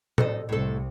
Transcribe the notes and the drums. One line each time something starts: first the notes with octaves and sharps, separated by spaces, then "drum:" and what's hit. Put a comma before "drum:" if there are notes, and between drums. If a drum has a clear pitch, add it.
A4 C5 D#5, drum: tom A2
C2 A2 C3 A4